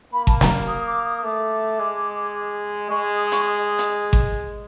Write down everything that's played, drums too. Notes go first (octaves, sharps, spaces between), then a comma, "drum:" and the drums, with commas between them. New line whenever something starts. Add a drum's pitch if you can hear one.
A#3 B5
A5, drum: kick G#1
A#5, drum: snare
D#6
D6
D#6
A3 D6
G#3
G#3 C#6
D#6
C#6, drum: hi-hat
D#6
drum: hi-hat
drum: kick G#1